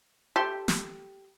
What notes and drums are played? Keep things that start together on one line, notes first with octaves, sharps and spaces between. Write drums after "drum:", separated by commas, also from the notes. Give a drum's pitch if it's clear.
G4 A4 C6
drum: snare